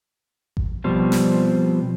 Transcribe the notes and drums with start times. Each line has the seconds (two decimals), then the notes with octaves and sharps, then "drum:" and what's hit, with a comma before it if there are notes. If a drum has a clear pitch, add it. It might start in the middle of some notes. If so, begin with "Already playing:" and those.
0.57 drum: kick G#1
0.84 B2 F3 G3 C4
1.12 drum: snare